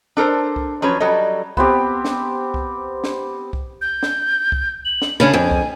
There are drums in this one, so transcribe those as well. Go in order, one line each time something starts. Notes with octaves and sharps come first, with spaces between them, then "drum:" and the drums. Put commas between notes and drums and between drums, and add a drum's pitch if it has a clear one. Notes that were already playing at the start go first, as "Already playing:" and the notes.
D4 A4 A#4 C5
drum: kick C2
F3 F#3 C#4 B4 C#5
F#3 G3 A4 D#5
B3 C4 G4, drum: kick C2
drum: snare
drum: kick C2
drum: snare
drum: kick C2
G6
drum: snare
drum: kick C2
F#7
drum: snare
C#3 C#4 D4 B5
F2 G#5
drum: kick C2